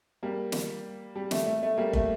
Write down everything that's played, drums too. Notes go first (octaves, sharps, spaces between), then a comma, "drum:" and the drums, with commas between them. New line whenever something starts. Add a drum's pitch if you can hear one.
G3 A#3
drum: snare
G3
A3, drum: snare
A3
A3
G3 A#3
A3, drum: kick